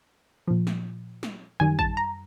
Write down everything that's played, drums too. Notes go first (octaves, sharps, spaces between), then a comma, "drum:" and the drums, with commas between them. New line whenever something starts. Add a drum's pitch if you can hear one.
A#2 F3
drum: snare
drum: snare
F#2 D#3 G3 G#5
A5, drum: kick A1
A#5